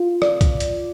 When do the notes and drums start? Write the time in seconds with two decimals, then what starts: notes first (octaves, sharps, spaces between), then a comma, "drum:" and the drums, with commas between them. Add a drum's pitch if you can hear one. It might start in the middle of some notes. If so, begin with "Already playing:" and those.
Already playing: F4
0.22 D5, drum: rim click
0.41 drum: kick, hi-hat
0.60 drum: hi-hat